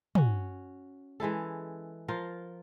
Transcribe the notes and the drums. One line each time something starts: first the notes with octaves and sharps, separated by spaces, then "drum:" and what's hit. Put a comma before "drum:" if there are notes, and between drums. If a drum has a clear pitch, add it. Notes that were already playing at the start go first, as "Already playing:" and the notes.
C#4 F#4, drum: tom
E3 G#3 E4 A4
F3 F4 A#4